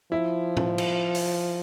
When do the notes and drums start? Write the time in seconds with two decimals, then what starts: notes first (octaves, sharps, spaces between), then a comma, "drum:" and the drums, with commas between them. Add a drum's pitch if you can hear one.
0.12 F3 E4
0.57 drum: tom A2
0.78 drum: cymbal
1.15 drum: open hi-hat